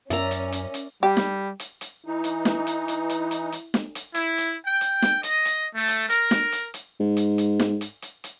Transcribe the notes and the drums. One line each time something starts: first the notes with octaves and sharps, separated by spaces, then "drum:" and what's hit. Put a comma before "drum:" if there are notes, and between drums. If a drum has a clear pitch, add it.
F#2 C#4 A#4 D5 E5 A#5, drum: hi-hat
drum: hi-hat
drum: hi-hat
drum: hi-hat
G3 G4
drum: snare
drum: hi-hat
drum: hi-hat
E3 D#4 E4
drum: hi-hat
drum: snare
drum: hi-hat
drum: hi-hat
drum: hi-hat
drum: hi-hat
drum: hi-hat
drum: snare
drum: hi-hat
E4, drum: hi-hat
drum: hi-hat
G5
drum: hi-hat
drum: snare
D#5, drum: hi-hat
drum: hi-hat
A3
drum: hi-hat
A#4, drum: hi-hat
drum: snare
drum: hi-hat
drum: hi-hat
G#2
drum: hi-hat
drum: hi-hat
drum: snare
drum: hi-hat
drum: hi-hat
drum: hi-hat